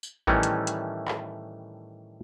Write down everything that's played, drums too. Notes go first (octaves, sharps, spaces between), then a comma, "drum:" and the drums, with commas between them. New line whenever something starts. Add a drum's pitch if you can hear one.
drum: tambourine
A2 D#3 E3 G3 A3 C#4, drum: kick A1
drum: hi-hat
drum: hi-hat
drum: clap